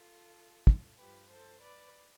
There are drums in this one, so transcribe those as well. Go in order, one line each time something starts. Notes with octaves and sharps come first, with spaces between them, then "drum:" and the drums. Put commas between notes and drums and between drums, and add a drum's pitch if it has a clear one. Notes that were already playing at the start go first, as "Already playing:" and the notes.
Already playing: F4 A4
drum: kick
G2 F3 G4 B4
A4 C5
B4 D5